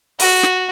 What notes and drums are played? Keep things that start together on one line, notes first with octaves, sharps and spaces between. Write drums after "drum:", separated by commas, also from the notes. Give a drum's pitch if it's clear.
F#4, drum: open hi-hat
drum: snare